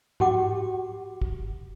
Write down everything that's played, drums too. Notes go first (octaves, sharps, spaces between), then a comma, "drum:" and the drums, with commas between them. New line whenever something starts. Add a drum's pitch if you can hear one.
F#4 G4 F#5 D6, drum: tom G#2
drum: kick